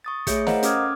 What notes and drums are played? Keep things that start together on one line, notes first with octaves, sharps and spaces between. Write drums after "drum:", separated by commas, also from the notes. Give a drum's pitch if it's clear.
C#6 D#6 A6
A3 G#4 C#5 E5 G6 C#7, drum: kick, hi-hat
A#4 C5 D#5 F5 F#5 A#5, drum: snare
C#4 A4 D6 D#6 F6 G#6, drum: hi-hat
D6